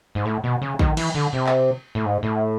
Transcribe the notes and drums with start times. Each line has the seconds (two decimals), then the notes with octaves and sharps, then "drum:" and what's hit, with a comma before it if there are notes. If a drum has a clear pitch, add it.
0.15 G#2
0.25 A2
0.44 B2
0.62 C#3
0.79 D#3, drum: kick
0.97 E3, drum: cymbal
1.15 D3
1.33 C3
1.47 drum: clap
1.95 A2
2.05 G#2
2.23 A2